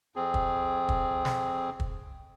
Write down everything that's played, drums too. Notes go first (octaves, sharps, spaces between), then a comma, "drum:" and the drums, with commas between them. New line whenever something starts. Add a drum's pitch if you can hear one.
F2 C4 G#4
drum: kick
drum: kick
drum: snare
drum: kick